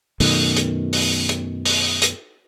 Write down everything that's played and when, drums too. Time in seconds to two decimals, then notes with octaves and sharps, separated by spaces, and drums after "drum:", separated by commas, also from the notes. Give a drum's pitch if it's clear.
0.20 F#2 B2 D#3 A3, drum: open hi-hat
0.56 drum: hi-hat
0.93 drum: open hi-hat
1.29 drum: hi-hat
1.65 drum: open hi-hat
2.02 drum: hi-hat